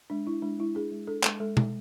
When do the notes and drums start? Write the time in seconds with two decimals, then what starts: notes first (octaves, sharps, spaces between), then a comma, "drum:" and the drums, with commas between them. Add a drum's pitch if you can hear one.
0.10 G#3 D4
0.26 D4 E4
0.42 G#3 D4
0.59 G#3 E4
0.75 D4 G#4
0.92 G#3
1.07 D4 A4
1.24 G#3, drum: clap
1.40 G#3 A4
1.57 G#3, drum: tom B2